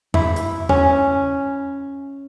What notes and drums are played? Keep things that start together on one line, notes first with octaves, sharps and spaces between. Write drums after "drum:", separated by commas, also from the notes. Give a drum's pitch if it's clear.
E4, drum: tom E2
drum: hi-hat
C#4, drum: tom E2